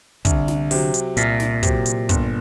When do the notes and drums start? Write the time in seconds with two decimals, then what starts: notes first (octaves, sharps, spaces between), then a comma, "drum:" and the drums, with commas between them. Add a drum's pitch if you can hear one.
0.25 C2 D3, drum: kick, hi-hat
0.48 drum: snare
0.71 C3 F#3, drum: open hi-hat
0.94 drum: hi-hat
1.17 C2 A#2, drum: hi-hat
1.40 drum: snare
1.63 C3 F#3, drum: kick, hi-hat
1.86 drum: hi-hat
2.09 G1, drum: kick, hi-hat